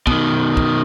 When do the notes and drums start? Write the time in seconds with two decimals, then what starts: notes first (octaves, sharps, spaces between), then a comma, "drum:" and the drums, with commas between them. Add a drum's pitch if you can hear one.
0.07 B2 D#3, drum: kick
0.57 drum: kick